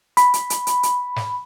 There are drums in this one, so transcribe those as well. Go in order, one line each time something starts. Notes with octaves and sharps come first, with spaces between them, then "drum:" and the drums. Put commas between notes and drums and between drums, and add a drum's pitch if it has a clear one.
B5, drum: hi-hat
drum: hi-hat
drum: hi-hat
drum: hi-hat
drum: hi-hat
drum: snare